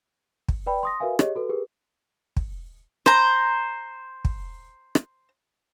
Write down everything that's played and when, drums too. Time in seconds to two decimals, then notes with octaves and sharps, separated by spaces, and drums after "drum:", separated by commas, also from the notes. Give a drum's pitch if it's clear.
0.48 drum: kick
0.66 B4 D5 G5 B5
0.83 C6 D#6 A#6
1.00 F#4 A#4 B4 E5 F5 G#5
1.19 G4 G#4 C#5 D#5, drum: rim click
1.35 F#4 A4 B4
1.49 G4 G#4 A#4 B4
2.37 drum: kick
3.06 C5 A#5, drum: rim click
4.25 drum: kick
4.95 drum: rim click